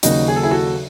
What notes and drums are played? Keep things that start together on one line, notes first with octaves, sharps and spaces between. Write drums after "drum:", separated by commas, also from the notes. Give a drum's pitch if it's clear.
D#2 C#3 F#3 D#4 F#4, drum: hi-hat
G#4
A4
E4 G#4
F#4 A4